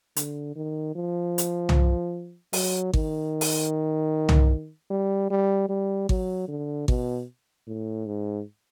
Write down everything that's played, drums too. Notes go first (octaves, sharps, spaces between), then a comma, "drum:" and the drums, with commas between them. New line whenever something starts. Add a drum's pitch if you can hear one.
D3, drum: hi-hat
D#3
F3
drum: hi-hat
drum: tom C2
F#3, drum: open hi-hat
D#3, drum: kick G#1
drum: open hi-hat
drum: tom C2
G3
G3
G3
F#3, drum: kick G#1
D3
B2, drum: kick G#1
A2
G#2